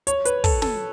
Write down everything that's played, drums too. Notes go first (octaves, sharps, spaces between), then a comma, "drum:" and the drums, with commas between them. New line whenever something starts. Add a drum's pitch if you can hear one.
C#5, drum: hi-hat
B4, drum: hi-hat
A4, drum: kick, open hi-hat
A4, drum: snare